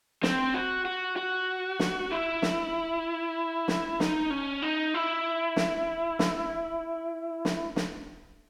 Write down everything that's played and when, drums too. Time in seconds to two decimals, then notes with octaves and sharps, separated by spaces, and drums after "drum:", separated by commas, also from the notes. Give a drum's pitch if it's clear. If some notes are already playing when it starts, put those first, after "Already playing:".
0.23 C4, drum: snare
0.54 F#4
0.85 F#4
1.16 F#4
1.79 drum: snare
2.11 E4
2.42 drum: snare
3.68 drum: snare
4.00 D#4, drum: snare
4.30 C#4
4.62 D#4
4.94 E4
5.56 drum: snare
6.19 drum: snare
7.45 drum: snare
7.76 drum: snare